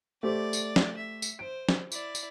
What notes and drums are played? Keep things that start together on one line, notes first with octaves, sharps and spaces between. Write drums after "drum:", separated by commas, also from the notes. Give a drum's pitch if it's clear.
A3 G4 C5 D5
drum: tambourine
drum: snare
E5
drum: tambourine
C5 D7
drum: snare
E4 D5, drum: tambourine
drum: tambourine